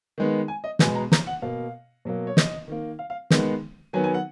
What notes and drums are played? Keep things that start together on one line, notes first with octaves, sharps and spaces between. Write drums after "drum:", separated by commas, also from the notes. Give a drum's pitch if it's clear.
D#3 G#3 B3
G#5
D#5
B2 G#3 B3 G#5, drum: snare
A#5
A#5, drum: snare
F#5
B2 A#3 F5
B2 F#3 A#3
C#5
D#5, drum: snare
D#3 A#3
F5
F5
D#3 G#3 B3, drum: snare
D#3 F#3 B3 G#5
G#5
F#5